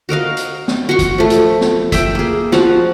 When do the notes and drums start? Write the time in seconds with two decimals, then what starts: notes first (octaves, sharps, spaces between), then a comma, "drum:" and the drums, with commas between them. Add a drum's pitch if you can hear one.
0.09 F#4 A#4 D#5 F5
0.37 drum: hi-hat
0.68 drum: snare
0.89 F#4 C6 C#6
0.99 drum: kick, hi-hat
1.18 F3 A3
1.30 drum: hi-hat
1.61 drum: snare
1.92 E5 G5, drum: kick, hi-hat
2.15 A#3 G#4
2.52 F3 F#4 F5, drum: snare